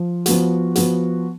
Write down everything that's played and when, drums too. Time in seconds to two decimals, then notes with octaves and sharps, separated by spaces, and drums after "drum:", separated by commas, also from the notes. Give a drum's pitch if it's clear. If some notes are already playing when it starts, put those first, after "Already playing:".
Already playing: F3
0.26 F3 B3 F#4, drum: hi-hat
0.76 F3 B3 F#4, drum: hi-hat